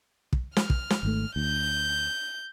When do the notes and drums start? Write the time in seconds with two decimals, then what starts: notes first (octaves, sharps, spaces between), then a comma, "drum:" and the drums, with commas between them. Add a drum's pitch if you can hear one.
0.33 drum: kick
0.56 F6, drum: snare
0.70 drum: kick
0.90 drum: snare
1.03 G#1 G#2 A3
1.36 D2 G6